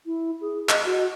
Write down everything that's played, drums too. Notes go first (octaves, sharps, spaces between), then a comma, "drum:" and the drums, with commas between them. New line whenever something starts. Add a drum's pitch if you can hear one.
E4
G#4
D#5, drum: clap
F#4